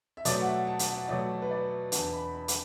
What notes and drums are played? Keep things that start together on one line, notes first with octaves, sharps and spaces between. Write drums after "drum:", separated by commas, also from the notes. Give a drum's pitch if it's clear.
E5
B2 F#3 A3 D5, drum: hi-hat
F#5
E5
A5
A5, drum: hi-hat
F#5
B2 F#3 A3 D5
B4
D5
E2 E3 B3 D4 A5, drum: hi-hat
B5
B5
drum: hi-hat